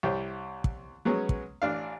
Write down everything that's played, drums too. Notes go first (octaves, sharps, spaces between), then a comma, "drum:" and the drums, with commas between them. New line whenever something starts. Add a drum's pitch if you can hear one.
C2 E4 G4 C5 C#5
drum: kick
F#3 G#3 B3 C#4
drum: kick
A1 D4 F5